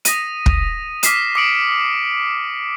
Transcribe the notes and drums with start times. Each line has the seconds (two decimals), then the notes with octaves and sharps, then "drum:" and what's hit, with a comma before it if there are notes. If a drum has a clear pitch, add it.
0.05 D#6 A#6 B6 D#7, drum: hi-hat
0.46 drum: kick
1.03 D6 F6 B6 C7 D#7 E7, drum: hi-hat
1.35 D6 D#6 C#7 D7 F#7